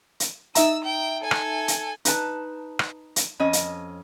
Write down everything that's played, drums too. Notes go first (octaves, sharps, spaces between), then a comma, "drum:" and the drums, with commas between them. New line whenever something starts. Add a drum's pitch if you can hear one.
drum: hi-hat
D#4 E5 A#5 E6, drum: hi-hat
G5
A4 G#5
drum: rim click
drum: hi-hat
D#4 B4 G#5 A5, drum: hi-hat
drum: rim click
drum: hi-hat
F2 C#4 D#5
drum: hi-hat